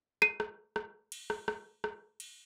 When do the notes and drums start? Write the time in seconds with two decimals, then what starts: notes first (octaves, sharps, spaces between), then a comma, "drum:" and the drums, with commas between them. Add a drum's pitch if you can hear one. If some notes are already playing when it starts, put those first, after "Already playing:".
0.22 C7 D#7, drum: rim click
0.40 drum: rim click
0.76 drum: rim click
1.12 drum: cymbal
1.30 drum: rim click
1.48 drum: rim click
1.84 drum: rim click
2.20 drum: cymbal